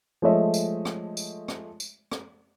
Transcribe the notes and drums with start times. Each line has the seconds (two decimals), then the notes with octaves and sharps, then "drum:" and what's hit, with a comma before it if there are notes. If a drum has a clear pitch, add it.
0.22 F3 G#3 A3 C#5 D#5 E5
0.54 drum: tambourine
0.85 drum: rim click
1.17 drum: tambourine
1.48 drum: rim click
1.80 drum: tambourine
2.11 drum: rim click